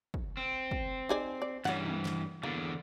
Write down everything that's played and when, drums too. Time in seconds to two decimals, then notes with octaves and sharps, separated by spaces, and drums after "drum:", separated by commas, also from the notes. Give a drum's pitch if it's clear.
0.14 drum: kick
0.37 C4
0.71 drum: kick
1.09 D#4 G#4 D5
1.42 D5
1.65 G2 C#3 E3 F#5, drum: snare
1.86 drum: tom
2.05 drum: snare
2.43 E2 D3 A#3